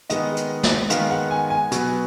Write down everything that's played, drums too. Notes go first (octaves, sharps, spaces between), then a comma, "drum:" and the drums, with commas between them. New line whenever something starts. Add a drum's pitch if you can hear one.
D#3 G#3 B3 D#5, drum: hi-hat
drum: hi-hat
drum: snare
D#3 G#3 B3 F5, drum: hi-hat
F#5
G#5
G#5
B2 F#3 B3, drum: hi-hat